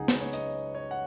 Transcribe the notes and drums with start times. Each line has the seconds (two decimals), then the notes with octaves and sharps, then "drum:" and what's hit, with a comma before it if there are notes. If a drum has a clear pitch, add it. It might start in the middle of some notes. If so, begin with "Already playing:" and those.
Already playing: C#2 C#3 F#3 D#4 G#4 F#5
0.08 B4, drum: snare
0.20 C#5
0.33 D#5, drum: hi-hat
0.75 C#5
0.91 F#5